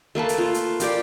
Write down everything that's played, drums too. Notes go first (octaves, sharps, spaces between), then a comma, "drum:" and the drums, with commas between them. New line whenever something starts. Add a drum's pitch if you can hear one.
A3 A#3 B4 A5
drum: hi-hat
F4
drum: hi-hat
A#3 G4 D5, drum: hi-hat